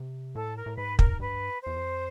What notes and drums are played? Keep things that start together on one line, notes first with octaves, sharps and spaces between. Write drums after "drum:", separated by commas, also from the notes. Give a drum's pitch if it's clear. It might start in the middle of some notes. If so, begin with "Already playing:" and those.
Already playing: C3
A2 A4
A#4
A2
G#2 B4
A#4, drum: kick
G2 B4
E2 C5
F2